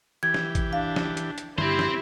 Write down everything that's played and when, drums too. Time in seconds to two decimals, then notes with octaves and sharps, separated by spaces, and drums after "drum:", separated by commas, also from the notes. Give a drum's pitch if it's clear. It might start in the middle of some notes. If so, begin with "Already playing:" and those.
0.23 E3 G4 G#6
0.34 drum: snare
0.55 drum: kick, hi-hat
0.73 D4 F5
0.96 drum: snare
1.17 drum: hi-hat
1.38 drum: hi-hat
1.58 G2 C4 E4 G4 C5 C6, drum: tom D3
1.79 drum: snare